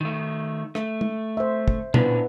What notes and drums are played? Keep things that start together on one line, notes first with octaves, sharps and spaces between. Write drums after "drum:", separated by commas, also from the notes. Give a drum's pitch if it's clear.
D#3 A3
A3, drum: rim click
drum: tom
C5 E5
drum: kick
A#2 B3 C#4 D4 E4 B4, drum: tom B2